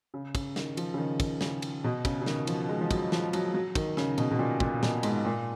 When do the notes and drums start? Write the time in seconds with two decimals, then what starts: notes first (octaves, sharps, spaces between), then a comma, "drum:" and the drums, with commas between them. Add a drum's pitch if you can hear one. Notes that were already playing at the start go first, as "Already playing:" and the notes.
0.14 C#3
0.35 C#3, drum: kick, cymbal
0.56 D#3, drum: snare
0.77 F3, drum: cymbal
0.94 C#3
0.98 D#3
1.20 drum: kick, cymbal
1.41 C#3, drum: snare
1.62 drum: cymbal
1.84 B2
2.05 C#3, drum: kick, cymbal
2.22 C#3
2.26 D#3, drum: snare
2.47 F3, drum: cymbal
2.69 G#3
2.81 F3
2.91 F#3, drum: kick, cymbal
3.12 F3, drum: snare
3.33 F#3, drum: cymbal
3.54 F#3
3.75 D#3, drum: kick, cymbal
3.97 C#3, drum: snare
4.18 B2, drum: cymbal
4.31 B2
4.39 A#2
4.60 A#2, drum: kick
4.83 B2, drum: snare
5.03 G#2, drum: cymbal
5.26 A#2